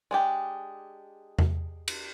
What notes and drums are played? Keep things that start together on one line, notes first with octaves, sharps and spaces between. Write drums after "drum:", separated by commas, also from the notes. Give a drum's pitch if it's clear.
G#3 D4 G4
drum: tom E2
drum: cymbal